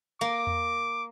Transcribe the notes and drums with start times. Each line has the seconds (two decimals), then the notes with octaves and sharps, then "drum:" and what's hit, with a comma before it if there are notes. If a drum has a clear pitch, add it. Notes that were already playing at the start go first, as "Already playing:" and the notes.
0.21 A#3 D6
0.47 drum: tom E2